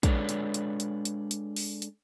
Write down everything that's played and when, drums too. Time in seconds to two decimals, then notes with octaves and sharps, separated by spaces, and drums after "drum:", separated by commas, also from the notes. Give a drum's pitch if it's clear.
0.03 G#3 D4 A4 B4 C#5 D5, drum: kick, hi-hat
0.29 drum: hi-hat
0.54 drum: hi-hat
0.80 drum: hi-hat
1.05 drum: hi-hat
1.31 drum: hi-hat
1.56 drum: open hi-hat
1.82 drum: hi-hat